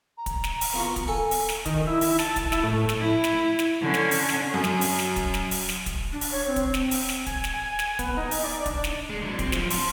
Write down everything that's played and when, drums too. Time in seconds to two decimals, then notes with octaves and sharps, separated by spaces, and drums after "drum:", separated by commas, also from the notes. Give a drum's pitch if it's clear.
0.17 A#5
0.26 drum: kick, hi-hat
0.44 drum: snare
0.61 drum: open hi-hat
0.73 B3 F4 F#4
0.96 drum: kick, hi-hat
1.08 A4 G#5
1.31 drum: open hi-hat
1.49 drum: snare
1.66 D#3, drum: kick, hi-hat
1.87 E4
2.01 drum: open hi-hat
2.19 A5, drum: snare
2.36 drum: kick, hi-hat
2.52 E4, drum: snare
2.63 A2
2.89 drum: snare
3.00 E4
3.24 drum: snare
3.59 drum: snare
3.81 D3 C#4
3.94 drum: snare
4.11 drum: open hi-hat
4.29 drum: snare
4.54 F#2
4.64 drum: snare
4.81 drum: open hi-hat
4.99 drum: snare
5.16 drum: kick, hi-hat
5.34 drum: snare
5.51 drum: open hi-hat
5.69 drum: snare
5.86 drum: kick, hi-hat
6.12 D4
6.21 drum: open hi-hat
6.32 C#5
6.46 C4
6.56 drum: kick, hi-hat
6.74 drum: snare
6.91 drum: open hi-hat
7.09 drum: snare
7.26 G#5, drum: kick, hi-hat
7.44 drum: snare
7.54 G#5
7.79 drum: snare
7.99 B3, drum: kick, hi-hat
8.17 D#4
8.31 drum: open hi-hat
8.44 D5
8.66 D4, drum: kick, hi-hat
8.84 drum: snare
9.10 G#3
9.22 D3 F#3
9.39 C4, drum: kick, hi-hat
9.52 F#2 F3, drum: snare
9.70 A5 C6, drum: open hi-hat